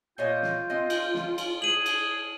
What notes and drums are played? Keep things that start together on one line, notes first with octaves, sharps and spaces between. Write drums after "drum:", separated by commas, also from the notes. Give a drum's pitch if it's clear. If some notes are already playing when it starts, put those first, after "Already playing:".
A#2 F4 C#5 D#5 G5
drum: snare
C4 D#5
drum: cymbal
drum: snare
drum: cymbal
G#4 D#7 F#7
drum: cymbal